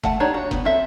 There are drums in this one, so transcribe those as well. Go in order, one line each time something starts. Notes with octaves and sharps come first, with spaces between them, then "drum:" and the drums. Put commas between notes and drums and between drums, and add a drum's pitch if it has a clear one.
A3 F#5 A5, drum: kick F#1
D4 D#4 G4 C#5
F#4
B3, drum: kick F#1
C4 A4 E5